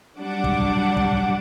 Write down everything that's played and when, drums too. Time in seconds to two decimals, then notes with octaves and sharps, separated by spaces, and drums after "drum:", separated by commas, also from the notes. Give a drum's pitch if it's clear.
0.18 F#3 G3 D4 F#5 D6
0.44 drum: kick
0.97 drum: kick